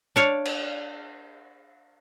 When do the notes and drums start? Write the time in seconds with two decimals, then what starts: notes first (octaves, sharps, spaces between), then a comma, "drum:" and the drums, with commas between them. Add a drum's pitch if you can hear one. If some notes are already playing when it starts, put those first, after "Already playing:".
0.16 D4 C#5 F5
0.45 drum: cymbal